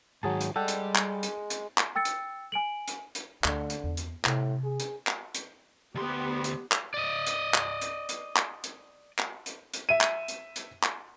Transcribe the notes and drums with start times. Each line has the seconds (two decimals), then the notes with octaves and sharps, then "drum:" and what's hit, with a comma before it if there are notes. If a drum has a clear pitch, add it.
0.23 G#2 D#3 F#3 G#4 A5
0.41 drum: hi-hat
0.56 G3 G#3 A4 D5 F#5 G5
0.68 drum: hi-hat
0.96 drum: clap
1.23 drum: hi-hat
1.50 drum: hi-hat
1.78 drum: clap
1.95 G5 E6 A6 C#7
2.05 drum: hi-hat
2.52 G#5 D7 F#7
2.88 drum: hi-hat
3.15 drum: hi-hat
3.44 D2 D3 A3, drum: clap
3.70 drum: hi-hat
3.84 E2
3.97 drum: hi-hat
4.25 A2 C3, drum: clap
4.64 G#4
4.80 drum: hi-hat
5.07 drum: clap
5.35 drum: hi-hat
5.95 D2 B3 G4 C6
6.44 drum: hi-hat
6.72 drum: clap
6.94 D5 D#5
7.27 drum: hi-hat
7.54 drum: clap
7.81 drum: hi-hat
8.09 drum: hi-hat
8.36 drum: clap
8.64 drum: hi-hat
9.19 drum: clap
9.46 drum: hi-hat
9.74 drum: hi-hat
9.89 E5 D#7
10.01 drum: clap
10.28 drum: hi-hat
10.56 drum: hi-hat
10.83 drum: clap